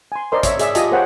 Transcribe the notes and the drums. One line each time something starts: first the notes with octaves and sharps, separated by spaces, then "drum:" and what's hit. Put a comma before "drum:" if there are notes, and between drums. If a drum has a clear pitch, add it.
G#5 C6
A#4 C5 D5 D#5 C6
C#5 E5, drum: kick, hi-hat
G#4 D5 E5, drum: hi-hat
F4 G4 D#5 G#5 A5 D#6, drum: hi-hat
G#4 A#4 C5 C#5 F#5 G5